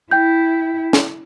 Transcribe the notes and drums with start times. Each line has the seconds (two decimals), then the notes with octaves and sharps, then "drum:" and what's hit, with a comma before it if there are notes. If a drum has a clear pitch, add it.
0.11 E4 G5 G6
0.93 drum: snare